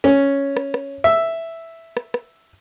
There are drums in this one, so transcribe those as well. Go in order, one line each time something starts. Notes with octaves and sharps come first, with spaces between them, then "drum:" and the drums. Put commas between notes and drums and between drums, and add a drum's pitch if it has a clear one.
C#4
drum: rim click
drum: rim click
E5
drum: rim click
drum: rim click